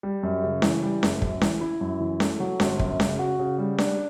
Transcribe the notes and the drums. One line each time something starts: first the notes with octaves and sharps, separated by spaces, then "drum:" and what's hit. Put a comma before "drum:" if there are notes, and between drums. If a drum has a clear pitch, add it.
G3
F#2
C#3
E3, drum: snare C#4
G3
F#1, drum: snare C#4
F#2, drum: kick
E3, drum: snare C#4
E4
F#2
E3
A3, drum: snare C#4
F#3
G1, drum: snare C#4
F#2, drum: kick
C#3, drum: snare C#4
F#4
C#3
G3
D4, drum: snare C#4